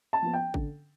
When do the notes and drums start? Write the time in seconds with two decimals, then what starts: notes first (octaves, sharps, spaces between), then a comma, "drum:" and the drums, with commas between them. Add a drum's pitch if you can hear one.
0.13 A5
0.23 F3 B3
0.33 G5
0.54 D3, drum: kick G#1